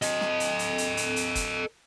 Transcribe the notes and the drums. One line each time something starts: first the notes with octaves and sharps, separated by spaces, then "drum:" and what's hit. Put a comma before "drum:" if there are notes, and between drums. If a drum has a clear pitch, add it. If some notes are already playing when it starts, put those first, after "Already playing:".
A4 D#5, drum: hi-hat
drum: snare
drum: hi-hat
drum: hi-hat
drum: hi-hat
drum: hi-hat
drum: hi-hat
drum: kick, hi-hat